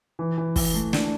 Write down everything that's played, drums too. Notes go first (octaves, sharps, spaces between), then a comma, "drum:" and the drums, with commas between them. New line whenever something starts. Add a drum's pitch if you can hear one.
E3
E3
E3, drum: kick, open hi-hat
A3
D4, drum: snare